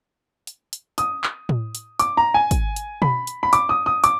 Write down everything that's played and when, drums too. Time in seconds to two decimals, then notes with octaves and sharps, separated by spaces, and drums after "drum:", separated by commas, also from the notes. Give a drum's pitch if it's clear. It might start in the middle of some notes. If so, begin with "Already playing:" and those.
0.47 drum: hi-hat
0.73 drum: hi-hat
0.98 D#6, drum: hi-hat
1.24 drum: clap
1.49 drum: tom A2
1.75 drum: hi-hat
1.99 D6, drum: hi-hat
2.17 A#5
2.34 G#5
2.51 drum: kick, hi-hat
2.76 drum: hi-hat
3.02 B5, drum: tom B2
3.27 drum: hi-hat
3.43 B5
3.53 D6, drum: hi-hat
3.69 D#6
3.86 D#6
4.04 D6, drum: hi-hat